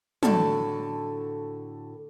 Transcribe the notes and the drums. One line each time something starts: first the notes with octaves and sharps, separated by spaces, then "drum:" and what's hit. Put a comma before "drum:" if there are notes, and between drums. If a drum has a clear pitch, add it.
A2 D3 F#4 A4 A5, drum: tom